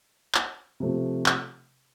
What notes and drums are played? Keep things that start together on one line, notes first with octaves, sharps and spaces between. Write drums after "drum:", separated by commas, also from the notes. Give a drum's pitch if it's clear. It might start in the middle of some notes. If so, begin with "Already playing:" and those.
drum: clap
C3 F3 A3
drum: clap